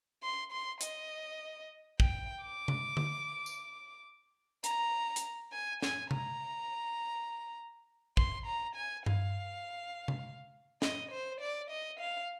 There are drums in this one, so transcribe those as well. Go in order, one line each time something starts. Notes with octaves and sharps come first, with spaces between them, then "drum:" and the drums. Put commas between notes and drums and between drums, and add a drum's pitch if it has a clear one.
C6
C6
D#5, drum: hi-hat
G5, drum: kick
D6
drum: tom C3
drum: tom D3
drum: tambourine
A#5, drum: hi-hat
drum: hi-hat
G#5
G#5, drum: snare
A#5, drum: tom C3
C6, drum: kick
A#5
G#5
F5, drum: tom G2
drum: tom C3
D#5, drum: snare
C5
D5
D#5
F5